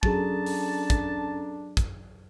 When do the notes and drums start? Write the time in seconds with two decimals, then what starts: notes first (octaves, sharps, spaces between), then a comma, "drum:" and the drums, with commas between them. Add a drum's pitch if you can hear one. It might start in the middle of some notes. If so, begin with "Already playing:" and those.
0.03 F#3 C#4 D4 G#4 A4 A5 A#5, drum: kick
0.46 drum: open hi-hat
0.90 drum: kick, hi-hat
1.77 drum: kick, hi-hat